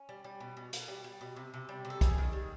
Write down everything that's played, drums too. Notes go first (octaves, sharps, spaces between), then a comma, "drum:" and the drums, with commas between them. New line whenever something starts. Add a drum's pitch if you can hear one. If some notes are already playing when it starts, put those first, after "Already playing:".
Already playing: C#4
G3
G3
B2
B2
B2, drum: hi-hat
G3
G3
B2
C3
C3
G3
C3
A4
G3 G#4, drum: kick, hi-hat
D#3
G3